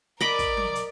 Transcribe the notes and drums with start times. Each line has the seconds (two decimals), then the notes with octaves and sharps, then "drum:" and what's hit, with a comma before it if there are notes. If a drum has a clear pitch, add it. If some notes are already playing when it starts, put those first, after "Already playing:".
0.21 A#4 D5 D#5 B5 D6
0.39 drum: kick, hi-hat
0.57 drum: tom F#3
0.75 drum: hi-hat